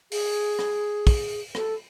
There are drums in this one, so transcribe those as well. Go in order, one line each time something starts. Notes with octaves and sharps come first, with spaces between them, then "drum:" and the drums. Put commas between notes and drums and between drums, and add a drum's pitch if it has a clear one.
G#4, drum: open hi-hat
drum: rim click
drum: kick, open hi-hat
A4, drum: rim click